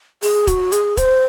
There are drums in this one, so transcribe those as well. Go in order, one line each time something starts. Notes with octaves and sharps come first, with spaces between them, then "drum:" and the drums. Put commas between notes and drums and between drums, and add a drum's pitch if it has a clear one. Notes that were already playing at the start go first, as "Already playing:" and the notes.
G#4, drum: open hi-hat
F#4, drum: kick, hi-hat
G#4, drum: hi-hat
C5, drum: kick, hi-hat